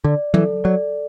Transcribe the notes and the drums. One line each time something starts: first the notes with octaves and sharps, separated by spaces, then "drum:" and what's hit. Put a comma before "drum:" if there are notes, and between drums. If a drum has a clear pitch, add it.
D3 D5
E3 A4, drum: tom
F#3 D5